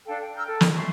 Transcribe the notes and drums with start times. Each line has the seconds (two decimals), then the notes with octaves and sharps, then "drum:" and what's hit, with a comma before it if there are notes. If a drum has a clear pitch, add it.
0.07 D4 A4 F5 G5
0.23 G5
0.35 A#5 E6 F6 G6
0.47 A4 G5 A5
0.61 D#5, drum: snare
0.75 E5 C6 C#6